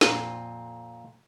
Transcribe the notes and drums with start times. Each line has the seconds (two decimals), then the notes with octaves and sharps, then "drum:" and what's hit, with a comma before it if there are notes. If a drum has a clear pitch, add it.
0.01 F2 A#2 C4, drum: snare